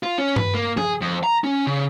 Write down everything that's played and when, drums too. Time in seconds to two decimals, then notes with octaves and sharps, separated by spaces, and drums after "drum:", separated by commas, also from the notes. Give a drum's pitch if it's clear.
0.03 F4
0.18 C#4
0.36 B4, drum: tom G2
0.55 A#3
0.77 G#4, drum: tom F3
1.01 F2
1.24 A#5
1.44 C#4
1.67 C#3